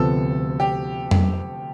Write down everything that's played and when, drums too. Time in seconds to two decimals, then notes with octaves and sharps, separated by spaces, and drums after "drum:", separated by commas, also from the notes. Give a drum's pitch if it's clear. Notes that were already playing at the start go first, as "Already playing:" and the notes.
Already playing: D2 C3 F3 B3 A4
0.60 G4
1.11 drum: tom F2